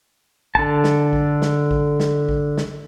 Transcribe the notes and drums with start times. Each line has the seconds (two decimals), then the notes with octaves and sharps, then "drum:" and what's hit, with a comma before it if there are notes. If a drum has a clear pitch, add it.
0.55 D3 A5, drum: kick A1
0.84 drum: snare
1.13 drum: kick A1
1.42 drum: snare
1.71 drum: kick A1
2.00 drum: snare
2.29 drum: kick A1
2.58 drum: snare